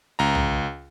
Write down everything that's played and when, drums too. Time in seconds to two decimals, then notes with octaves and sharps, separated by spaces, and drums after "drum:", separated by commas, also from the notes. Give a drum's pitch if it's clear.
0.19 C#2 A#5
0.35 drum: tom